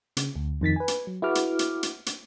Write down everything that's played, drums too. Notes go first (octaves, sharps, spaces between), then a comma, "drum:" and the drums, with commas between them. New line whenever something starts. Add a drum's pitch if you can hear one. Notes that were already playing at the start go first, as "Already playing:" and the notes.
C#3, drum: hi-hat
D2
F2 D#3 A6 B6
B4 G#5
drum: hi-hat
F#3
E4 F#4 G#4 B4 D6 F6
drum: hi-hat
drum: hi-hat
drum: hi-hat
drum: hi-hat